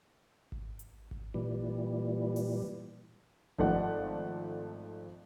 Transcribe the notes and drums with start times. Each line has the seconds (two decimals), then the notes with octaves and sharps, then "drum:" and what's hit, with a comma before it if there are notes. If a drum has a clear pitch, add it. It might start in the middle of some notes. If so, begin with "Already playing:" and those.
0.52 drum: kick G#1
0.79 drum: hi-hat
1.11 drum: kick G#1
1.34 A#2 E3 G3
2.36 drum: open hi-hat
3.58 G#1 F3 A3 D5 F#5, drum: kick G#1